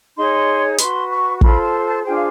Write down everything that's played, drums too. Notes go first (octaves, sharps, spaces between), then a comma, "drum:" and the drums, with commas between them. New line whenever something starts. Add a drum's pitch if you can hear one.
D#4 G#4 C#5 C6
F#4 B4 C6, drum: hi-hat
C#6
F4 A4 C5 B5, drum: kick
A5
A5
D4 F4 G#4 C5 G5
F5